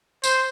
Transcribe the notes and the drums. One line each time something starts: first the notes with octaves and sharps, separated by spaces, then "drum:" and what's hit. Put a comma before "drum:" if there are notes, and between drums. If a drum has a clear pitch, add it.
C5, drum: tambourine